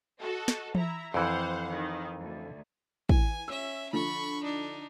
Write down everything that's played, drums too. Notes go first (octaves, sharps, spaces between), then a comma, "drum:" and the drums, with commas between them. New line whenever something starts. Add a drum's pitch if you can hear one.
F#4 A4 D#5
drum: snare
E4 E5 A#5, drum: tom E3
F2 E3 C5 F5 F#5
D#3
D2
E3 G#5, drum: kick
C#4 E5 E6
D3 F3 B5 C#6
D4 D#4